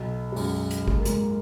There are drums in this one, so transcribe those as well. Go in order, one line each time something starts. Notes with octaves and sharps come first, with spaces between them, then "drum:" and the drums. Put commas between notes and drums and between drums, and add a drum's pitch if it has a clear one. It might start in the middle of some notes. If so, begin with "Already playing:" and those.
Already playing: B1 B2
G#3
F#2 F#3, drum: open hi-hat
drum: hi-hat
G#3, drum: kick G#1
A#3
G#2 G#3, drum: hi-hat